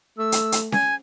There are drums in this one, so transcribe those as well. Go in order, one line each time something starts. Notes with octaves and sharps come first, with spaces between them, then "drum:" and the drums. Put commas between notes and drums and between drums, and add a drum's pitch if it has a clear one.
A3 E6
drum: hi-hat
drum: hi-hat
G#5, drum: snare C#4